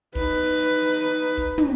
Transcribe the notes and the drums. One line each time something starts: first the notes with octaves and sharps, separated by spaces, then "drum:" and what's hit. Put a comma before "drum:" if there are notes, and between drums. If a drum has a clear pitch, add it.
D#4 B4, drum: kick
drum: kick
drum: tom